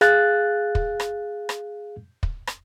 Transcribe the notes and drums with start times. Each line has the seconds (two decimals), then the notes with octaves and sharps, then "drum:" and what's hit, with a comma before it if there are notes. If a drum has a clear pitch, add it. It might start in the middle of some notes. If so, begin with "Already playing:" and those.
0.01 G#4 F5 F#6 A6, drum: rim click
0.75 drum: kick
1.00 drum: rim click
1.49 drum: rim click
2.23 drum: kick
2.47 drum: rim click